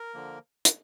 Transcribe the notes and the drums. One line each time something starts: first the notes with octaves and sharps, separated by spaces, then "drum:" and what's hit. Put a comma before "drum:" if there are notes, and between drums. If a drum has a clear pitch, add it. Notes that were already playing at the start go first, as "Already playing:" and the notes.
Already playing: A#4
D3 F3 A#3
drum: hi-hat